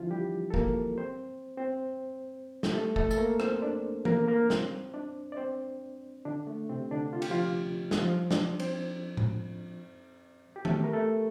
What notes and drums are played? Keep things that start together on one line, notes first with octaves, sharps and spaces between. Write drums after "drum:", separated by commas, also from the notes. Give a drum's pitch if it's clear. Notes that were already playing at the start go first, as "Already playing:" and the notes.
Already playing: D3 E3 F3 C4 D4 E4 F4
G3 G4
A4
A#3 A#4, drum: kick
C4 C5
C4 C5
G4, drum: snare
A3 A4
A3 A4, drum: kick
A4, drum: tambourine
A#3 A#4
C4 C5, drum: rim click
D4 D5
A#3 A#4, drum: tom
A#3 A#4
C4 C5, drum: snare
D4 D5
D5
C4 C5
D3 D4
A3
C3 C4
D3 D4
F4
G4, drum: cymbal
F3 F4
drum: snare
F3 F4
D4 D5, drum: snare
C4 C5, drum: cymbal
drum: tom A2
G4
A3 A4, drum: tom
A#4
A3 A4